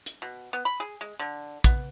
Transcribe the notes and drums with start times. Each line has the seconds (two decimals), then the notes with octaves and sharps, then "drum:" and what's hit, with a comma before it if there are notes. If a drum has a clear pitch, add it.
0.06 drum: hi-hat
0.22 B2
0.53 B3
0.65 B5
0.80 G#4
1.01 G#3
1.19 D3
1.64 B3, drum: kick, hi-hat